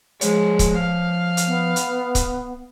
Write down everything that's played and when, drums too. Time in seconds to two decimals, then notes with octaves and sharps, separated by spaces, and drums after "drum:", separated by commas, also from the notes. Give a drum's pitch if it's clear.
0.21 F3 G#3 C5 C#5, drum: hi-hat
0.59 drum: kick C#1, hi-hat
0.79 F5
1.37 drum: hi-hat
1.47 B3
1.76 drum: hi-hat
2.15 drum: kick C#1, hi-hat